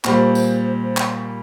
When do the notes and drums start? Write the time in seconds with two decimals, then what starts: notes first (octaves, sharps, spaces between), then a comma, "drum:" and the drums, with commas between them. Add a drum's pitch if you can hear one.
0.04 A#2 G3 C5, drum: clap
0.35 drum: tambourine
0.97 drum: clap